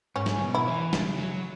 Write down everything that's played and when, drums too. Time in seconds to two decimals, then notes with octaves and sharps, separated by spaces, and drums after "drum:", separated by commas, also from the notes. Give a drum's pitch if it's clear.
0.16 G#2 C#4
0.26 drum: snare
0.37 C#3
0.42 B2
0.54 E4
0.68 E3
0.93 C#3, drum: snare
1.18 F#3